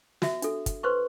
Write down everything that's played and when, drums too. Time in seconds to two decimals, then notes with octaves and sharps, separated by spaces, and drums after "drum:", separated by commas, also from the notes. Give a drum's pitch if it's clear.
0.22 F#4 E5, drum: snare
0.42 D4 A4, drum: hi-hat
0.66 drum: kick, hi-hat
0.83 B4 C5 C6 C#6